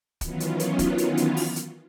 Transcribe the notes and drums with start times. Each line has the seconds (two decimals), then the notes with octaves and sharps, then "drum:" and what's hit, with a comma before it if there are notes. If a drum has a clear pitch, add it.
0.21 D#3 E3 F#3 B3 C#4 F4, drum: kick, hi-hat
0.40 drum: hi-hat
0.60 drum: hi-hat
0.79 drum: kick, hi-hat
0.98 drum: hi-hat
1.17 drum: hi-hat
1.37 drum: open hi-hat
1.56 drum: hi-hat